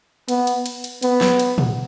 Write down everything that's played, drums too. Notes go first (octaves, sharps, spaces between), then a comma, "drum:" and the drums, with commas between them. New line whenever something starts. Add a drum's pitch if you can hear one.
B3, drum: cymbal
drum: cymbal
drum: cymbal
drum: cymbal
B3, drum: cymbal
drum: snare
drum: cymbal
drum: tom